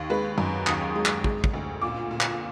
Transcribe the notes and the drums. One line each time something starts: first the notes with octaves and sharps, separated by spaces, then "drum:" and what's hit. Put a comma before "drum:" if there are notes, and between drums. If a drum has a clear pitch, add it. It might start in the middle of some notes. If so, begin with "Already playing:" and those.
Already playing: D#2
G#3 B4
F#2
D#2 D#6, drum: clap
G#3
drum: clap
G#3, drum: kick
drum: kick
D2
A#2 D6
A#2
drum: clap